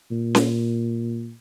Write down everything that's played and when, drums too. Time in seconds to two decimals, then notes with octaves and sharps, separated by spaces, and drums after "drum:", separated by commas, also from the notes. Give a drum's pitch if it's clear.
0.11 A#2
0.35 drum: snare C#4